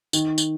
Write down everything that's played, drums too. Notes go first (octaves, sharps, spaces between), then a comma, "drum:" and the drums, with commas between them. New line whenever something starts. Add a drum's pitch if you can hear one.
D#3, drum: tambourine
drum: tambourine